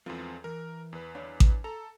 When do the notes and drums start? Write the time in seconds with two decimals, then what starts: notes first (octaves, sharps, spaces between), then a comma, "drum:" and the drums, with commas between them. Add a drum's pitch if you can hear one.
0.06 E2 F3 C4 A4 B4
0.44 E3 A#4
0.93 E2 B4
1.15 D4 C#5 F5
1.40 drum: kick A1
1.64 A4 A#5